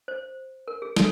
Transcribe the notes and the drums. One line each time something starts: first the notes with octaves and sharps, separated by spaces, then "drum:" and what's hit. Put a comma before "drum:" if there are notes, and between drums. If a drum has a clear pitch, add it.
C5
A#4
G#4
A4, drum: snare